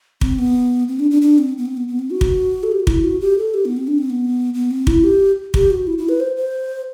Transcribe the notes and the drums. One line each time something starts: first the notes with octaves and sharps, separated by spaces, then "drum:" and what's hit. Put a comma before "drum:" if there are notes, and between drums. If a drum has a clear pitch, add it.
C4, drum: kick
B3
C4
D4
D4
D4
C4
B3
C4
B3
B3
C4
F#4
drum: kick
A4
G4
F#4
E4, drum: kick
F#4
G4
A4
G4
B3
C4
D4
C4
B3
B3
C4
E4, drum: kick
G4
G4, drum: kick
F#4
E4
E4
B4
C5
C5